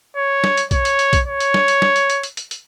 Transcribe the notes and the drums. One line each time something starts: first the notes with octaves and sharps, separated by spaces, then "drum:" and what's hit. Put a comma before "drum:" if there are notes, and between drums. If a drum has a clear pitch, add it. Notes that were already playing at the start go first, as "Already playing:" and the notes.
C#5
drum: snare
drum: hi-hat
C#5, drum: kick, hi-hat
drum: hi-hat
drum: hi-hat
drum: kick, hi-hat
C#5
drum: hi-hat
drum: snare
drum: hi-hat
drum: snare
drum: hi-hat
drum: hi-hat
drum: hi-hat
drum: hi-hat
drum: hi-hat